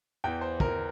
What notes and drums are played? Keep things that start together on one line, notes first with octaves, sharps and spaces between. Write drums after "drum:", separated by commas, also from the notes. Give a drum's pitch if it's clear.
E2 E3 G5
C5
A#4, drum: kick